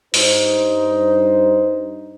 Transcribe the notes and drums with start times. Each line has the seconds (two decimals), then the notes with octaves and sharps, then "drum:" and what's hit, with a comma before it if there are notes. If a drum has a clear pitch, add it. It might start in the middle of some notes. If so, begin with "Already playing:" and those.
0.14 G2 D#4 C5, drum: open hi-hat